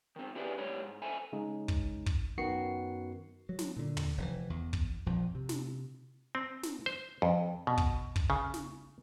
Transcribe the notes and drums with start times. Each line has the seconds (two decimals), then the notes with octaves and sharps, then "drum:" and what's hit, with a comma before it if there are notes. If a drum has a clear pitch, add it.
0.16 D#3 C4
0.36 C#4 E4 G4 G#4 B4 D5
0.58 C2 A2 G3 C#5 B5
0.83 G#2
1.02 A4 C5 E5 G#5 A5 B5
1.33 C#3 G#3 D#4
1.68 drum: kick
2.06 drum: kick
2.38 F#2 D#3 B3 F#4 C7 C#7
3.49 F#3
3.59 drum: snare
3.76 A#2 D3
3.97 drum: tom
4.18 F1 A#2 E3
4.50 E2
4.73 drum: kick
5.06 A#1 F2 F3
5.35 C3
5.49 drum: snare
6.35 C4
6.63 drum: snare
6.86 C5
7.22 F2
7.67 B2
7.78 drum: kick
8.16 drum: kick
8.30 C#3
8.54 drum: snare